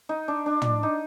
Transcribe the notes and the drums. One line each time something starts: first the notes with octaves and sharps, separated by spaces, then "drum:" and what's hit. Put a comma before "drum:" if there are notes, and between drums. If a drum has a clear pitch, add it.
D#4
D4
D4
drum: tom
D#4